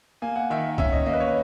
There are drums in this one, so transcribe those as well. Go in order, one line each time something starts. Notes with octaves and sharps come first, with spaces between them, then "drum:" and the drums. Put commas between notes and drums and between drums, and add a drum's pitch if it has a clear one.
A#3 G#5
F#5
D#3 E5
C#4 E5, drum: kick
D#5
A#3 D#5
B4
C#5